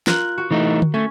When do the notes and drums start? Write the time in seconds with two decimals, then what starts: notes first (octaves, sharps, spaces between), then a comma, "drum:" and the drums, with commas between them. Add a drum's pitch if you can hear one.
0.07 F4 A#4 F#6, drum: snare
0.38 F#4
0.51 E3 A3 D#4
0.82 drum: tom D3
0.94 A3 C#4